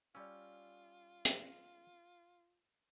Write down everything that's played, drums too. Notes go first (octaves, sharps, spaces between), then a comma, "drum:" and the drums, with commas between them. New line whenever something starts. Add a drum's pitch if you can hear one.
G3 C#4 F4 D5 E6
drum: hi-hat